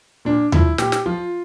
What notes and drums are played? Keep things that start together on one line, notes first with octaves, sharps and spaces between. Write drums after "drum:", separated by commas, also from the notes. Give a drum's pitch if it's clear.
A#2 D4
F3 E4, drum: tom D#2
A#2 G4, drum: snare
drum: snare
F3 F4